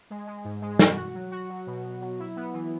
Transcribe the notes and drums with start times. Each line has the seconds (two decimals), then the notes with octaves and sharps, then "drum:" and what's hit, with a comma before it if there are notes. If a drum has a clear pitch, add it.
0.10 G#3
0.27 G#3
0.45 G#2
0.62 G#3
0.79 F#4, drum: snare
0.97 F#4
1.14 F#3
1.32 F#4
1.50 F#3
1.67 B2
1.84 B2
2.01 F#3
2.19 E4
2.36 B3
2.53 E3